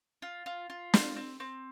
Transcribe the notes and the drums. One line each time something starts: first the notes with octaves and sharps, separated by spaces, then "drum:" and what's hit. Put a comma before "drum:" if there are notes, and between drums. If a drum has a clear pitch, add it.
F4
F4
F4
C4, drum: snare
C4
C4